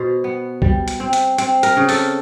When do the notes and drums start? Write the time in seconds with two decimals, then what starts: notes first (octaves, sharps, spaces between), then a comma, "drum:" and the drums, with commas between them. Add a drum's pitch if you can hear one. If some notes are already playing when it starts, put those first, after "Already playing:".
Already playing: B2 C5
0.24 B3
0.62 G3, drum: kick C2
0.88 drum: hi-hat
1.00 C4
1.13 drum: hi-hat
1.38 C4, drum: hi-hat
1.63 A#4, drum: hi-hat
1.77 C#3
1.89 A4, drum: open hi-hat